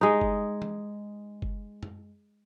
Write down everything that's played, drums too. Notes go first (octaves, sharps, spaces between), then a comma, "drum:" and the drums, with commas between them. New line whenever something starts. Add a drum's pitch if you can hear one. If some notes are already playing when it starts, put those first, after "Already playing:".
G#3 D#4
drum: kick F#1
drum: tom
drum: kick F#1
drum: tom